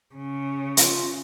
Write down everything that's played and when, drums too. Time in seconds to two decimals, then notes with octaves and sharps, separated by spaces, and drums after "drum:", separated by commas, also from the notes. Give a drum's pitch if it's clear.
0.16 C#3
0.77 F4, drum: hi-hat